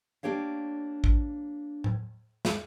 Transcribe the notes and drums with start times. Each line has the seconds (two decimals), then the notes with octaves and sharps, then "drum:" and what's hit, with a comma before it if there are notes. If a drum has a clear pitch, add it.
0.23 A#3 D4 G4 C#5 F5
1.04 drum: kick A1
1.84 drum: tom A2
2.45 drum: snare